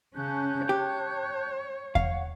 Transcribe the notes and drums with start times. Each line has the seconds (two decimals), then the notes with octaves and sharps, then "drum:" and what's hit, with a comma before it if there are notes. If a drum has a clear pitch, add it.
0.15 C#3 C#4 A5 F#6 G6
0.69 G4 C#5
1.95 F5 F#5, drum: kick E2